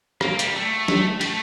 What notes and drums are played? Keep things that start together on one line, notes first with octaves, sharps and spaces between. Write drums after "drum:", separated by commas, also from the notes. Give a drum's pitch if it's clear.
A#3, drum: rim click
G3, drum: hi-hat
A3
drum: snare
G3, drum: cymbal
A3